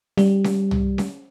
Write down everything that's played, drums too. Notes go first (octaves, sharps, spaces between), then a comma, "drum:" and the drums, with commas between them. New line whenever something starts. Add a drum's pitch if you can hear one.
G3, drum: snare C#4
drum: snare C#4
drum: tom
drum: snare C#4